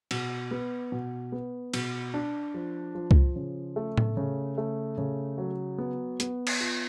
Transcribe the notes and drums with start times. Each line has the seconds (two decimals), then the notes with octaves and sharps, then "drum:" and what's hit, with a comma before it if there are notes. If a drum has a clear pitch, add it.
0.11 B2, drum: cymbal
0.51 B3
0.92 B2
1.32 B3
1.74 B2, drum: cymbal
2.14 D4
2.54 F3
2.95 F3
3.11 drum: kick C2
3.36 C#3
3.76 A3
3.98 drum: tom A2
4.17 C#3
4.58 A3
4.98 C#3
5.38 F#3
5.78 B3
6.20 B3, drum: hi-hat
6.47 drum: cymbal
6.60 F4